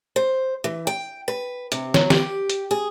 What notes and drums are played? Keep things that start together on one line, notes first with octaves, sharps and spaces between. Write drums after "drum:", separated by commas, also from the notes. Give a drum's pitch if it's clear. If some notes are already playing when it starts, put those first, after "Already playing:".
C5
E3
G5
B4
C3, drum: hi-hat
F#3, drum: snare
G4, drum: snare
drum: hi-hat
G#4